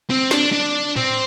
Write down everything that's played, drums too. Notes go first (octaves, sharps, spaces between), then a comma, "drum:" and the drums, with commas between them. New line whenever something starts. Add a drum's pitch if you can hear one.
C4
D4, drum: snare
D4
C4, drum: tom A2